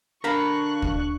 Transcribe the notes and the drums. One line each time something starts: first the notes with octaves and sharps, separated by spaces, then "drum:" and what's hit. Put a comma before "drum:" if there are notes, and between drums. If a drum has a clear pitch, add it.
D3 D4 A#4 F5 B5 C#6 F#6
drum: kick